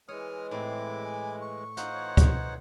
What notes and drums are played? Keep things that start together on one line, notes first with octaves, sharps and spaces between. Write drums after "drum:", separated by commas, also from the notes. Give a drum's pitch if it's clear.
E3 G#3 C#5 D#6 F6
A2 C4 E4 D6
G#5
C#6
D#4 F4 C5 F#5, drum: hi-hat
E3 C#5
drum: kick C#2, hi-hat